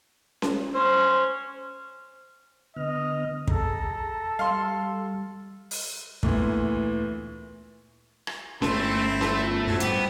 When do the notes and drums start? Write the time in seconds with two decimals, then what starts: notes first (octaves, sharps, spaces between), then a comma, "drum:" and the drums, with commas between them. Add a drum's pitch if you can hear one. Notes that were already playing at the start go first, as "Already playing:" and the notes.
0.42 drum: snare C#4
0.75 C#4 C5
2.76 D3 B3 D#5 F6
3.48 G#4 A4 A#5, drum: kick
3.98 A#5
4.39 G3 F5 C6
5.71 drum: open hi-hat
6.23 D2 A#2 E3 B3, drum: kick
8.27 drum: rim click
8.62 G1 A3 C4 C#4 E4 C6, drum: snare C#4
9.02 E5
9.21 A3, drum: snare C#4
9.43 B3 F4
9.67 F#2 A2 F#3 A4 C5
9.80 G2 B3 G4, drum: hi-hat